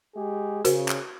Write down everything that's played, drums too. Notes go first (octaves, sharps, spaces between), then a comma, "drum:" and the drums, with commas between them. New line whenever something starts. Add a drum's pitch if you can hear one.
G#3 G4 G#4
C#3 F#4 A#4 C5, drum: hi-hat
drum: clap